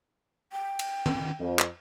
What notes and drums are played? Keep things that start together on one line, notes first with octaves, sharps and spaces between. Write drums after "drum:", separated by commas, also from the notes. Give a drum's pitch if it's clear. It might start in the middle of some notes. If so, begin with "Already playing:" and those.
G5
drum: cymbal
drum: tom D#3
F2
drum: clap